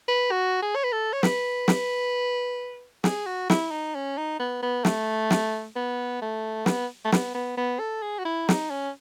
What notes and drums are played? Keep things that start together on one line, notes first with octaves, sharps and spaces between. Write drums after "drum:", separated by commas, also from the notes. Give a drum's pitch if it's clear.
B4
F#4
G#4
C#5
B4
A4
C#5
B4, drum: snare
drum: snare
G#4, drum: snare
F#4
E4, drum: snare
D#4
C#4
D#4
B3
B3
A3, drum: snare
drum: snare
B3
A3
B3, drum: snare
A3
B3, drum: snare
B3
B3
A4
G#4
F#4
E4
D#4, drum: snare
C#4